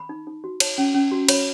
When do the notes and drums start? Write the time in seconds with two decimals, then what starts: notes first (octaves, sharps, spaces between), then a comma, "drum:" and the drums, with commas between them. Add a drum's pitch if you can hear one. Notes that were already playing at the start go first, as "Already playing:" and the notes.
Already playing: B5
0.09 D#4
0.27 D#4
0.44 F#4
0.60 C#5, drum: cymbal
0.78 C#4
0.94 C#4
1.12 F#4
1.29 C#5 B5, drum: cymbal